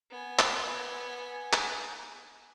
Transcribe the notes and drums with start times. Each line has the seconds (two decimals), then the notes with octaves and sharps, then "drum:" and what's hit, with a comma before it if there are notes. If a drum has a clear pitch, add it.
0.11 B3 G#5
0.39 drum: clap
1.53 drum: clap